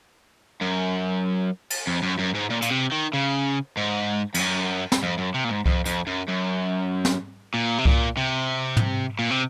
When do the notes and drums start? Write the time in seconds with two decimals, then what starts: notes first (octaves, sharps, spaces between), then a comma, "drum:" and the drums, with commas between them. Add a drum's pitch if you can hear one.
0.61 F#2
1.70 drum: cymbal
1.87 F2
2.03 F#2
2.19 F#2
2.35 G#2
2.50 A#2
2.62 A#2, drum: hi-hat
2.71 C3
2.92 D#3
3.13 C#3
3.77 G#2
4.34 F2, drum: cymbal
4.39 F#2
4.92 drum: snare
5.03 F2
5.18 F#2
5.34 C3
5.44 A#2
5.49 G#2
5.66 F2, drum: kick C2
5.85 F2, drum: hi-hat
6.07 F#2
6.28 F#2
7.05 drum: snare
7.54 A#2
7.78 C3
7.85 A#2, drum: kick C2
8.17 C3
8.77 drum: tom
9.19 A#2
9.30 C3